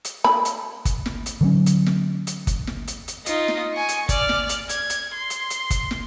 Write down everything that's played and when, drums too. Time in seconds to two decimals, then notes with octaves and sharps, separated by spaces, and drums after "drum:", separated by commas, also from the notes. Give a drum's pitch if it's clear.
0.05 drum: hi-hat
0.24 B5, drum: snare
0.45 drum: hi-hat
0.85 drum: kick, hi-hat
1.06 drum: snare
1.26 drum: hi-hat
1.41 D3 F#3 C#4
1.66 drum: hi-hat
1.86 drum: snare
2.27 drum: hi-hat
2.47 drum: kick, hi-hat
2.67 drum: snare
2.88 drum: hi-hat
3.08 drum: hi-hat
3.26 D#4 F4, drum: hi-hat
3.48 drum: snare
3.73 G#5 C#6
3.89 drum: hi-hat
4.09 D5 F6, drum: kick, hi-hat
4.29 drum: snare
4.49 drum: hi-hat
4.69 G#6, drum: hi-hat
4.90 drum: hi-hat
5.14 C6
5.30 drum: hi-hat
5.50 drum: hi-hat
5.70 drum: kick, hi-hat
5.91 drum: snare